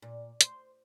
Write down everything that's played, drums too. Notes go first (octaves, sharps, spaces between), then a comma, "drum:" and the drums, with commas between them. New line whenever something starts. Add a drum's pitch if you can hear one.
A#2
C5, drum: hi-hat